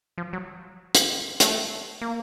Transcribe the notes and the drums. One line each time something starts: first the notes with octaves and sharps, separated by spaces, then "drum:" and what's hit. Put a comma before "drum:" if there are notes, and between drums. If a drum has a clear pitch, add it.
F3
F#3
drum: hi-hat
A3, drum: hi-hat
A#3